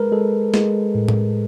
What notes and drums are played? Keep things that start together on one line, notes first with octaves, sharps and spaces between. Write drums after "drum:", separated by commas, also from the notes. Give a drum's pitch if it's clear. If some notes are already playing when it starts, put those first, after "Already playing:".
Already playing: G#3 A#4 B4
G#3 A4
G#3, drum: snare
A2
drum: tom